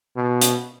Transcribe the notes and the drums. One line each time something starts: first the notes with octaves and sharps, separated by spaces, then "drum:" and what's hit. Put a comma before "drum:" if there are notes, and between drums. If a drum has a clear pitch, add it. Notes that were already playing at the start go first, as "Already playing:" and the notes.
B2
drum: hi-hat